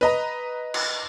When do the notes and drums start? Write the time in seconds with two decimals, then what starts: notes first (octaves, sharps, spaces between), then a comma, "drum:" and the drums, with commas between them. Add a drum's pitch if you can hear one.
0.01 B4 D#5 A#5
0.74 drum: cymbal